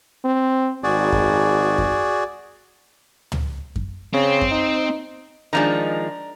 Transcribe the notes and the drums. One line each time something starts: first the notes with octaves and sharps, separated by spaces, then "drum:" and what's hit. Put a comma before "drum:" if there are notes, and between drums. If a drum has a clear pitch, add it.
C4
G#1 F#4 G#4 D5
drum: kick F#2
drum: kick F#2
drum: tom
drum: kick F#2
C#3 C4
drum: kick F#2
D#4
D#3 F3 G#3 D4 A#5